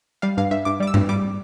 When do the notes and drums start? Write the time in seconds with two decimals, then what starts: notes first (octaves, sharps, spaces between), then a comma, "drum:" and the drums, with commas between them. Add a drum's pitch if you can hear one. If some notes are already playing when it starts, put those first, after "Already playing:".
0.22 G3 F5
0.37 G2 F5
0.51 G2 E5
0.65 G2 D6
0.80 G3 D6
0.87 E6
0.94 G2, drum: tom G2
1.09 G3 D6